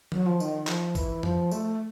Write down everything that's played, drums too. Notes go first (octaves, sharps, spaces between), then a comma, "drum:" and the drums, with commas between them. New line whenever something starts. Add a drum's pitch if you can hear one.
F#3, drum: tom D#3
F3
D#3, drum: tambourine
F3, drum: clap
E3, drum: kick, tambourine
F3, drum: tom F2
A3, drum: tambourine